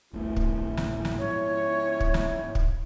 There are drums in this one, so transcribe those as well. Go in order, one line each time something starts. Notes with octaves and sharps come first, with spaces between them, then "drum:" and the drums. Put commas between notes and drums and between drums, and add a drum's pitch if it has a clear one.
D#1 A#1 A3 E4
drum: kick
drum: snare
drum: snare
G#2 F3 C#5
drum: kick
drum: snare
drum: kick